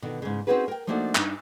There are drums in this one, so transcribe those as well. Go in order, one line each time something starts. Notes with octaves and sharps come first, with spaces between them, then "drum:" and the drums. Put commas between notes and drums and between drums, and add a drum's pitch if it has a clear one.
B2 D3 D#3
G#2 C#3
C4 C#4 D#4 F#4 G#4 B4
A#4 G5
F3 A3 A#3 D4 D#4 F#4
G2 D4 D#4, drum: clap